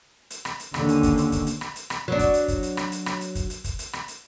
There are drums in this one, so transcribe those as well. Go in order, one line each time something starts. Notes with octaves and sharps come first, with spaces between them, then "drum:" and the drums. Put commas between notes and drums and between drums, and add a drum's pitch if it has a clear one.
drum: hi-hat
drum: rim click
drum: hi-hat
D#2 D3 C#4, drum: rim click
drum: hi-hat
drum: kick, hi-hat
drum: hi-hat
drum: kick, hi-hat
drum: hi-hat
drum: rim click
drum: hi-hat
drum: rim click
F#3 D4
drum: kick, hi-hat
drum: hi-hat
drum: kick, hi-hat
drum: hi-hat
drum: rim click
drum: hi-hat
drum: rim click
drum: hi-hat
drum: kick, hi-hat
drum: hi-hat
drum: kick, hi-hat
drum: hi-hat
drum: rim click
drum: hi-hat